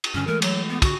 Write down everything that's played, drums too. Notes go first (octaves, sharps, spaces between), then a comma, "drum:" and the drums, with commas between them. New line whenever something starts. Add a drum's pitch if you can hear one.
drum: cymbal
G2 D3 C#4
E3 G#3 A3 A#4
F#3, drum: cymbal
B3
D3 F#4, drum: kick, cymbal